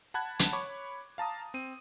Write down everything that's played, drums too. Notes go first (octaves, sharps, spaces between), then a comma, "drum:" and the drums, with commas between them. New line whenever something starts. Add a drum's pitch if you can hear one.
F#5 A5 B5 F#6 G#6
drum: hi-hat
C#5 B5 C#6 D6
F5 A5 A#5 D#6
C4 D#7